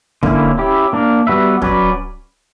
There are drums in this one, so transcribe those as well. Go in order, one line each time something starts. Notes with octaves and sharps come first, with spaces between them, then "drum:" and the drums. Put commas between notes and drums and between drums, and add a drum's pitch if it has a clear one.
D3 A#3 C#4 E4, drum: kick
C#4 E4 G4
A#3 D4 A#4
G3 B3 F#4 B4 E5
F#3 C#4 F#4 B4 D5, drum: kick